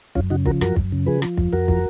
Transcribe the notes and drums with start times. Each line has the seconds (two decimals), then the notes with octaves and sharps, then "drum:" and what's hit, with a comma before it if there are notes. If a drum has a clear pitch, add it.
0.15 F#2 C#4 F4, drum: kick
0.30 C#3 D#4 F#4
0.46 F3 F#4 A#4, drum: kick
0.61 F#2 F#4 A#4, drum: rim click
0.76 F#2, drum: kick
0.92 C#3
1.06 F3 G#4 B4
1.22 F3, drum: rim click
1.37 F2, drum: kick
1.53 F2 F#4 A#4
1.68 F3, drum: kick